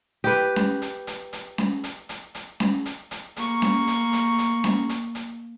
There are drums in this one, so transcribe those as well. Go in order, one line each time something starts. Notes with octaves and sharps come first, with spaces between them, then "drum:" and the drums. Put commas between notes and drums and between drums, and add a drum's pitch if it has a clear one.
G4 B4
drum: snare C#4
drum: hi-hat
drum: hi-hat
drum: hi-hat
drum: snare C#4
drum: hi-hat
drum: hi-hat
drum: hi-hat
drum: snare C#4
drum: hi-hat
drum: hi-hat
A#3 C#6, drum: hi-hat
drum: snare C#4
drum: hi-hat
drum: hi-hat
drum: hi-hat
drum: snare C#4
drum: hi-hat
drum: hi-hat